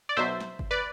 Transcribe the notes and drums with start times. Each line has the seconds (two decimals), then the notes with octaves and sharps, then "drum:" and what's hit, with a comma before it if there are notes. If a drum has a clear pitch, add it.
0.09 D5
0.17 B1 B2 F#3 C5 E5
0.40 drum: snare
0.59 drum: kick G1
0.71 B4 D5